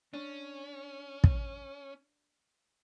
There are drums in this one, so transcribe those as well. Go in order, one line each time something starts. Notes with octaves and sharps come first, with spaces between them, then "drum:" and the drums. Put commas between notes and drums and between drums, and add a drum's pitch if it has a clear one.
C#4 D4
drum: kick